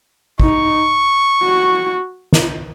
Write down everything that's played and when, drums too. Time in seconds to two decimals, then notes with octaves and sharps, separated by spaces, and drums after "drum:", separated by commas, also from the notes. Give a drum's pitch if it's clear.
0.40 D#4 C#6, drum: kick
1.44 F#4
2.33 drum: snare